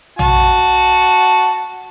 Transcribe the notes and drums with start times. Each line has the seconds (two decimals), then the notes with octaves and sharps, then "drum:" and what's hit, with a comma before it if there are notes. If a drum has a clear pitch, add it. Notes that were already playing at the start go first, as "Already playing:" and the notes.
0.19 F#4 A5, drum: tom